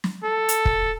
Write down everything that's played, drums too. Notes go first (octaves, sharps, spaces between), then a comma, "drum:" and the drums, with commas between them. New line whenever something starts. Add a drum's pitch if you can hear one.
drum: snare
A4
drum: hi-hat
drum: kick